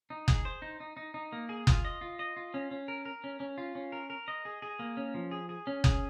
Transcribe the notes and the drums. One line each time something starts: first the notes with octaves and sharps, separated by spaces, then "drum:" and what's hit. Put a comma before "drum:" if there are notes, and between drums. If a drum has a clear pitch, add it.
D#4
G#4, drum: kick F#1
C5
D#4
D#4
D#4
D#4
A#3
G#4
F4, drum: kick F#1
D#5
F4
D#5
F4
C#4
C#4
A#4
A#4
C#4
C#4
F4
C#4
A#4
A#4
D#5
G#4
G#4
A#3
C#4
F3
G#4
G#4
C#4
G#4, drum: kick F#1